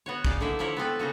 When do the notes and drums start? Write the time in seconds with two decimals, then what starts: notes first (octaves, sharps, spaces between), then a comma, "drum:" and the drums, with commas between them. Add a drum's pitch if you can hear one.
0.06 B3 F#4 C#5
0.25 C#3 D#4 D5 F5, drum: kick
0.40 D3 A#3 D#4 E4 E5
0.59 F3 A#3 E4 A#4 C#5
0.77 B3 C4 A4 B4
0.99 C#3 A#3 D#4 F#4